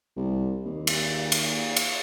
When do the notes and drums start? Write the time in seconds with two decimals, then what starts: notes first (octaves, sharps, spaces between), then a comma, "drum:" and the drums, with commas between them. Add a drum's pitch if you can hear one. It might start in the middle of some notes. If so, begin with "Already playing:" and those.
0.16 C2
0.65 D#2
0.87 drum: cymbal
1.32 drum: cymbal
1.77 drum: cymbal